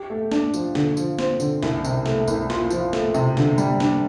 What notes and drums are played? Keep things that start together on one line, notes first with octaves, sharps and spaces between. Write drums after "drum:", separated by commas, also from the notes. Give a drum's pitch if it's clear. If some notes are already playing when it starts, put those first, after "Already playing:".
Already playing: G4
A3
D4, drum: snare
F3, drum: tambourine
D3, drum: snare
F3, drum: tambourine
C4, drum: snare
D3, drum: tambourine
C2, drum: snare
C3, drum: tambourine
A3, drum: snare
C2, drum: tambourine
F4, drum: snare
F3, drum: tambourine
A3, drum: snare
C3, drum: tambourine
D3, drum: snare
G3, drum: tambourine
D4, drum: snare